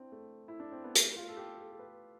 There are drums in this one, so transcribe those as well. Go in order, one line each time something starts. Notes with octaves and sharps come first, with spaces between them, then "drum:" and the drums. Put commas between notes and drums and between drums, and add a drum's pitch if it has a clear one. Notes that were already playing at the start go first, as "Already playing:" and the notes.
Already playing: C4 D4 E4
A3
E4
D4
C4
B3
A3, drum: hi-hat
F4
A4
G4
A4
A4
B4